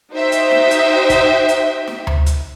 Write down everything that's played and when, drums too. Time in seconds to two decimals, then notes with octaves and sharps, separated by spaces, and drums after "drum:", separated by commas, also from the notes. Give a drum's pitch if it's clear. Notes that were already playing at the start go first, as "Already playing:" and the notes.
0.12 D#4 F#4 C5 E5 G5
0.32 drum: hi-hat
0.51 drum: snare
0.71 drum: hi-hat
1.10 drum: kick, hi-hat
1.49 drum: hi-hat
1.87 drum: snare
2.07 drum: tom D2
2.26 drum: hi-hat